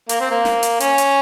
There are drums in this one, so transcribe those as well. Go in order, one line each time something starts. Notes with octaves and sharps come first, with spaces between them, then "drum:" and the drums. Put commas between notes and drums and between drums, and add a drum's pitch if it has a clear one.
A#3, drum: hi-hat
C4
A#3
drum: snare
drum: hi-hat
C#4, drum: hi-hat
drum: hi-hat